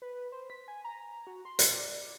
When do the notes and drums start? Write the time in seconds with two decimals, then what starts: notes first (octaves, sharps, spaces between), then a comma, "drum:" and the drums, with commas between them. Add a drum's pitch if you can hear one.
0.02 B4
0.32 C5
0.50 B6
0.68 G#5
0.84 A#5
1.27 F#4
1.45 C6
1.59 drum: hi-hat
1.72 D5